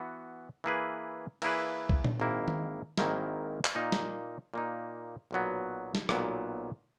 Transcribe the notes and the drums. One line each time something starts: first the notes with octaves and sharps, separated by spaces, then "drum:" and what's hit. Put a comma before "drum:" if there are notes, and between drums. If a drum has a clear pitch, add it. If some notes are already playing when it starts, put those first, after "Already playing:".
Already playing: E3 B3 F#4
E3 A#3 E4 G#4 B4
E3 A#3 E4 G#4 B4, drum: cymbal
drum: kick B1
drum: tom A#2
G#1 G#2 D#3 A#3 E4
drum: tom D#3
G#1 G#2 D#3 A#3 E4, drum: snare
drum: clap
A#2 A#3 D#4
drum: snare
A#2 A#3 D#4
B1 A#2 F#3 B3
drum: snare
B1 A#2 F#3 B3, drum: rim click